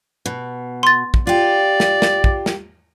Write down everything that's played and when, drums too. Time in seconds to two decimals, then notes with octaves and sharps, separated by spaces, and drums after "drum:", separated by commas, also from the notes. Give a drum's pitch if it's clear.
0.26 B2
0.83 C6 A6
1.14 drum: kick
1.27 F4 G4 D5
1.80 drum: snare
2.02 drum: snare
2.24 drum: kick
2.46 drum: snare